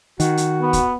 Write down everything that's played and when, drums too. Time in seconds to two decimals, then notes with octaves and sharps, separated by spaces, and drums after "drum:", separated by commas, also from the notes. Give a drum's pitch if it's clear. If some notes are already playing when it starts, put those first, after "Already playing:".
0.20 D#3 F#4, drum: hi-hat
0.37 drum: hi-hat
0.62 B3
0.73 drum: kick, hi-hat